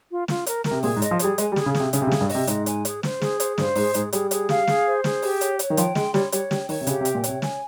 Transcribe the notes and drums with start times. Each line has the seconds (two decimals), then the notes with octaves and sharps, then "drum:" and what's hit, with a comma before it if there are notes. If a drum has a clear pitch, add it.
0.10 F4
0.28 F4, drum: snare
0.46 A#4, drum: hi-hat
0.64 A#4, drum: snare
0.71 C3
0.83 A#2 G#4, drum: open hi-hat
0.96 G#2
1.02 D#5, drum: hi-hat
1.11 F3
1.19 G3 G#4, drum: hi-hat
1.38 G#3 G#5, drum: hi-hat
1.52 G3
1.56 G#4, drum: snare
1.66 C#3
1.75 G#4, drum: snare
1.80 C3
1.93 C#3 G#4, drum: hi-hat
2.02 C3
2.07 C#3
2.11 G#4, drum: snare
2.21 G2
2.29 D#5, drum: open hi-hat
2.35 C3
2.47 G#2 D#5, drum: hi-hat
2.66 G#5, drum: hi-hat
2.85 G#4, drum: hi-hat
3.03 C5, drum: snare
3.22 G#4, drum: snare
3.40 C5, drum: hi-hat
3.58 G2 C5, drum: snare
3.75 G#2 G#4, drum: open hi-hat
3.94 G#2 G#4, drum: hi-hat
4.13 G3 G#4, drum: hi-hat
4.31 G#4, drum: hi-hat
4.49 F5, drum: snare
4.67 G#4, drum: snare
4.86 C5
5.04 G#4, drum: snare
5.22 G4, drum: open hi-hat
5.41 C#5, drum: hi-hat
5.59 C#5, drum: hi-hat
5.70 D#3
5.77 F3 G5, drum: hi-hat
5.95 G#3 C6, drum: snare
6.14 G3 C#5, drum: snare
6.32 G3 C#5, drum: hi-hat
6.51 G3 G5, drum: snare
6.69 D#3 C#5, drum: open hi-hat
6.81 C3
6.87 C#3 G4, drum: hi-hat
7.01 C3
7.05 G5, drum: hi-hat
7.15 A#2
7.24 C3 C#5, drum: hi-hat
7.42 G#5, drum: snare